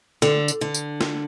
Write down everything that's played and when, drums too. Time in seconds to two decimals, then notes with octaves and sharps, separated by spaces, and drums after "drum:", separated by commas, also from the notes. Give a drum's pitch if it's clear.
0.22 D3, drum: snare
0.48 drum: tambourine
0.61 D3
0.74 drum: tambourine
1.01 drum: snare